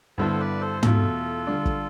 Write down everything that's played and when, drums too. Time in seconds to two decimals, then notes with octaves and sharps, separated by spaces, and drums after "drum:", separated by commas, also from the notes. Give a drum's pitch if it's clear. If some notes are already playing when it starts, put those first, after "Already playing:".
0.18 G2 D3 G3 B3 E4 A4 C5
0.40 B4 D5
0.61 A4 C5
0.83 E2 B2 A3 E4 F4 A4, drum: tom
1.47 D3 G3 D4
1.65 drum: kick